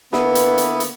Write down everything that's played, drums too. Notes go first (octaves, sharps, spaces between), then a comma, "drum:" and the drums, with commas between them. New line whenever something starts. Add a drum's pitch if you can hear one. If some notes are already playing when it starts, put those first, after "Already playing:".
D3 A#3 B3 E4 B4, drum: snare
drum: hi-hat
drum: hi-hat
drum: hi-hat